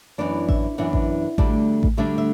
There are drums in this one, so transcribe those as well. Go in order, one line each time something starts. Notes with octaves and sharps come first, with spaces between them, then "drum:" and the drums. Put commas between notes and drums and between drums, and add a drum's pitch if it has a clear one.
F#2 E3 B3 D4 D5
E5, drum: kick A1
F#2 E3 B3 D4 F#5
drum: kick A1
D2 D3 G3 D4, drum: kick A1
drum: kick A1
D2 D3 G3 D4 E5
E5